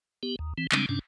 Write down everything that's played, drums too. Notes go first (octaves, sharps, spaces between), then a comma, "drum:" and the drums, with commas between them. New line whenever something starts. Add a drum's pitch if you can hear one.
B3 G4
D#2
E3 C4
C#3 G3 G#3 C4 D4, drum: clap
G2 C3 C#4 D4